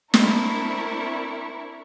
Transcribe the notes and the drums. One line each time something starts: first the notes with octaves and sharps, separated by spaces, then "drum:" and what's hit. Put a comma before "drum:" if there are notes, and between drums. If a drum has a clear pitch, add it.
C4 D4 E4 A#4 C#6, drum: snare